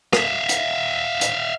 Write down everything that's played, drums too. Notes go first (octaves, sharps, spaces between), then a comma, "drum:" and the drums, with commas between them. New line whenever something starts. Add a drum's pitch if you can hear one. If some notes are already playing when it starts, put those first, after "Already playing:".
E5 F5, drum: rim click
drum: hi-hat
drum: hi-hat